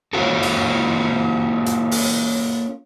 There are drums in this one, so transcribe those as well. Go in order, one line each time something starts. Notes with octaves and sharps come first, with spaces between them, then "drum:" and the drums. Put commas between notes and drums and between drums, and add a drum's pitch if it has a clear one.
A#3 C#4 F4 F#4 A4
drum: cymbal
drum: hi-hat
drum: open hi-hat